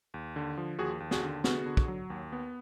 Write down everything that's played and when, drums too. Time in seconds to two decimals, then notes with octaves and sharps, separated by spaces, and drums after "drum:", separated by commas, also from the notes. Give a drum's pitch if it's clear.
0.14 D#2
0.36 D3
0.57 F3
0.79 D#2 F#4 G#4
1.00 D#2
1.11 F#4 G#4, drum: snare
1.23 D3
1.44 B3 F#4 G#4, drum: snare
1.66 D3
1.77 drum: kick
1.88 F#3
2.10 D#2
2.32 B3